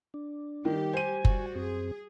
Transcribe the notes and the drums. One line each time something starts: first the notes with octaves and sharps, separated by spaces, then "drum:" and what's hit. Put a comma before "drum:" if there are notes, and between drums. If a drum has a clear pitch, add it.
D4
D#3 G3 G4
C5 G#5 D#7
G3 F#4, drum: kick F#1
F#2 C4 G#4